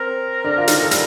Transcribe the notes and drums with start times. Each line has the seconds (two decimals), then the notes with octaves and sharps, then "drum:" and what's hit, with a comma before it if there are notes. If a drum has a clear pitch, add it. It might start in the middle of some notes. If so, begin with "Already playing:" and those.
Already playing: C4 A#4
0.44 D3 D4
0.58 F4
0.68 D#3 D#4, drum: hi-hat
0.81 A4
0.91 G3, drum: hi-hat